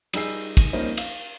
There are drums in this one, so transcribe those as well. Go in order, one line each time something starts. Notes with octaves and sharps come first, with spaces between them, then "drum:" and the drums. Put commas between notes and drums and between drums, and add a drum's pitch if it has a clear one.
G3 D#4 G#4 E6 C7, drum: cymbal
drum: kick, cymbal
F3 G3 A#3 C4 C#4 D#4
F5, drum: cymbal